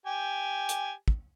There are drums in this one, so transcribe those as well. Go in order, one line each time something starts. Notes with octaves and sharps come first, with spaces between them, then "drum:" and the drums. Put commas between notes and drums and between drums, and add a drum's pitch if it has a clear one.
G4 G#5
drum: hi-hat
drum: kick